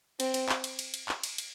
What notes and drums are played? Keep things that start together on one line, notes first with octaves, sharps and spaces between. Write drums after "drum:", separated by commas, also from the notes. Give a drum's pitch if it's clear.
C4, drum: cymbal
drum: cymbal
drum: clap
drum: cymbal
drum: cymbal
drum: cymbal
drum: clap
drum: cymbal
drum: cymbal